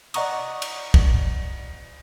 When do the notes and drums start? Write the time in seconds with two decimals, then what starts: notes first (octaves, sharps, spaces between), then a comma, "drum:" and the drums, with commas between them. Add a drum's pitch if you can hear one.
0.14 D5 D#5 F#5 A#5 C#6 D#6, drum: cymbal
0.62 drum: cymbal
0.94 drum: kick